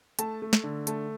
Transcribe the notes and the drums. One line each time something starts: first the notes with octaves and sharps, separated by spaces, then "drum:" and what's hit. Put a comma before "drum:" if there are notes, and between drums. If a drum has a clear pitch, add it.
A3 A5, drum: hi-hat
A3
drum: snare
D3
A3 A5, drum: hi-hat